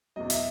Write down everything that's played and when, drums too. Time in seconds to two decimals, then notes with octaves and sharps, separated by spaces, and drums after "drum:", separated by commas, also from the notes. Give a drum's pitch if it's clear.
0.16 E2 B2 F#3 D#5
0.30 E5, drum: hi-hat